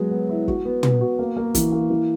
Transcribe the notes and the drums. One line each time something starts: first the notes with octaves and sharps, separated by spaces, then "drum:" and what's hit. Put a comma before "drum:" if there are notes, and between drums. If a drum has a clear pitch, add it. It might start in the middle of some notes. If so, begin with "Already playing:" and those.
Already playing: F#3 G#3 B3
B3
E4
F#4, drum: kick
B3
B3, drum: tom
F#4
A#3
A#3
E3, drum: kick, hi-hat
A#3
E3